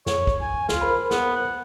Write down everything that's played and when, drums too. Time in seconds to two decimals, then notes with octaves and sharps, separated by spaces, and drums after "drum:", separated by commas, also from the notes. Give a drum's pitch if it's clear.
0.06 F2 C#5, drum: snare
0.27 drum: kick
0.41 G#5
0.69 D2 F4, drum: snare
0.81 A#4 C5 B5
1.11 B3, drum: snare
1.36 F#5